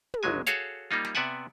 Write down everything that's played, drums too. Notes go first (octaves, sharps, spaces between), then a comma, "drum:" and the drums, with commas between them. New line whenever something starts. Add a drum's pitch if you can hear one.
drum: tom
G1 C#2 F#3 G#3 G#5
F#4 G#4 A4 C#5 F5, drum: hi-hat
G3 A#3 D#4 F4
drum: snare
C3 B3 D5 E5 F#5 G#5